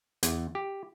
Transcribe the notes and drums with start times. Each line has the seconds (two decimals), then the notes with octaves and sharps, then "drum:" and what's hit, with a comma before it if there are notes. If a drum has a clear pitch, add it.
0.23 E2, drum: hi-hat
0.55 G4